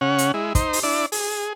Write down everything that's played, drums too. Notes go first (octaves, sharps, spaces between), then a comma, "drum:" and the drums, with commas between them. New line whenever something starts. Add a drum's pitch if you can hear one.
C#3 C#4 F#5
drum: hi-hat
G#3 E4
D#4 C5, drum: kick, hi-hat
drum: open hi-hat
D4 E4 D5
G#4, drum: open hi-hat